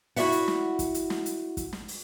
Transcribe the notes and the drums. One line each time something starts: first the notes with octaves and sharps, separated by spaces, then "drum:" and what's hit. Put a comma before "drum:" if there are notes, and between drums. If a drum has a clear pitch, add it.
E4 F#4 G#4 D5 E5 F#5, drum: open hi-hat
drum: hi-hat
drum: snare
drum: kick, hi-hat
drum: hi-hat
drum: snare
drum: hi-hat
drum: kick, hi-hat
drum: snare
drum: open hi-hat